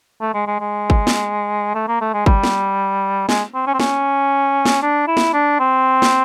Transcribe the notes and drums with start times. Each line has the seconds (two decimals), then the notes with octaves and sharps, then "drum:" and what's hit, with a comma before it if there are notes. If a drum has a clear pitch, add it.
0.21 A3
0.34 G#3
0.47 G#3
0.60 G#3
0.90 drum: kick
1.07 drum: snare
1.75 A3
1.88 A#3
2.01 A3
2.14 G#3
2.26 G3, drum: kick
2.43 drum: snare
3.29 G#3, drum: snare
3.55 C4
3.67 C#4
3.74 C4
3.80 C#4, drum: snare
4.66 drum: snare
4.82 D4
5.08 E4
5.17 drum: snare
5.33 D4
5.60 C4
6.02 drum: snare